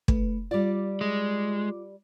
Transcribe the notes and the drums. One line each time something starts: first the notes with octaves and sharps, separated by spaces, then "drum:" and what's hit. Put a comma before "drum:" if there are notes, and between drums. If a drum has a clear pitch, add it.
A3 B4, drum: kick
G3 F4 D5 D6
G#3